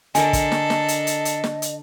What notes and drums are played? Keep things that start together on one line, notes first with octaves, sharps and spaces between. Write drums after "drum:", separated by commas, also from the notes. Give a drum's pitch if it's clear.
D3 D4 A4 A#4 D#5 G#5, drum: hi-hat
drum: kick, hi-hat
drum: snare
drum: snare
drum: hi-hat
drum: hi-hat
drum: hi-hat
drum: snare
drum: hi-hat